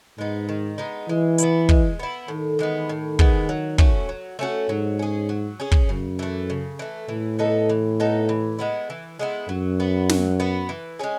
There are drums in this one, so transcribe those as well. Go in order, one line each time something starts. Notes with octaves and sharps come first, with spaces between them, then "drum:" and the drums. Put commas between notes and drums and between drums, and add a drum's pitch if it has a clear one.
G#2 G#3 B3 D#4
D#3
G#3 B3 D#4
E3 G#3
B3 E4, drum: hi-hat
G#3, drum: kick
B3 E4
A2 D#3
E3 G#3 B3
A2
E3 G#3 B3, drum: kick
F#3
A3 C#4 F#4, drum: kick
F#3
A3 C#4 F#4
G#2 F#3
C#4 G#4
F#3
C#4 G#4
drum: kick
F#2 C#3
E3 A3
C#3
E3 A3
A2 E3
B3 D#4 A4
E3
B3 D#4 A4
E3
G#3 B3 E4
E3
G#3 B3 E4
F#2 F#3
B3 F#4
F#3, drum: snare
B3 F#4
E3
G#3 C#4 G#4